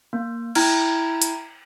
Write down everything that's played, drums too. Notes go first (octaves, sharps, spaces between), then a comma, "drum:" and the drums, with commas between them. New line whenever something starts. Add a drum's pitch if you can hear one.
A#3
E4 G5 A#5 F6 G#6, drum: cymbal
drum: hi-hat